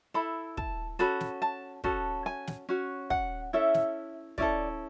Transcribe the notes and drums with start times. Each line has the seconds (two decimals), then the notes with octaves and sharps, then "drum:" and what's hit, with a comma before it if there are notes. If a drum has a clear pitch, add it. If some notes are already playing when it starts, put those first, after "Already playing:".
0.14 E4 A4 B5
0.57 A5, drum: kick
0.99 C#4 F#4 A4 B5
1.20 drum: snare
1.42 A5
1.84 C#4 F#4 A4, drum: kick
2.26 G#5
2.47 drum: snare
2.69 C#4 F#4
3.10 F#5, drum: kick
3.53 C#4 E4 A4 E5
3.74 drum: snare
4.38 C#4 E4 A4 D5, drum: kick